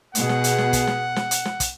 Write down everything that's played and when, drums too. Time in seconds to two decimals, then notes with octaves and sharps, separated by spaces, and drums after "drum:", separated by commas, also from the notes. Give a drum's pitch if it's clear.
0.15 B2 G#4 F#5, drum: hi-hat
0.29 drum: snare
0.44 drum: hi-hat
0.58 drum: snare
0.73 drum: kick, hi-hat
0.87 drum: snare
1.16 drum: snare
1.31 drum: hi-hat
1.45 drum: snare
1.60 drum: kick, hi-hat